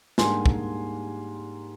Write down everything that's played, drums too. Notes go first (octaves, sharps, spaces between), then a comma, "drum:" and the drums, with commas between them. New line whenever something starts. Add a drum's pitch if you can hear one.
G#2 G3 A#3 D4 G#5 C6, drum: snare
drum: kick